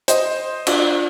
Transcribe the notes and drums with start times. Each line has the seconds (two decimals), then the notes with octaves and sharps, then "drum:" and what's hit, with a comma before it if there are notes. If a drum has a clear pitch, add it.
0.08 C5 D#5, drum: hi-hat
0.67 D4 F4, drum: cymbal